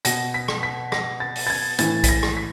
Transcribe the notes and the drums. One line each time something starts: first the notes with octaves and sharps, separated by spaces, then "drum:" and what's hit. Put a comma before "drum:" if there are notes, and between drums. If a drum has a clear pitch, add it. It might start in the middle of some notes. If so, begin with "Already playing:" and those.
B2 A#6, drum: hi-hat
B6
drum: rim click
B6
A#6, drum: rim click
A6
drum: open hi-hat
A6
G#6
A2 E3 A6, drum: hi-hat
B6, drum: kick B1, hi-hat
A#6
drum: rim click
B6